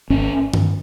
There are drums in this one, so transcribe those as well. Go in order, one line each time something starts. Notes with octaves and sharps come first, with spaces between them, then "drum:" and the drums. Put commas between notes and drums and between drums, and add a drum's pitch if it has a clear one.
G#1 C#4
drum: tom G2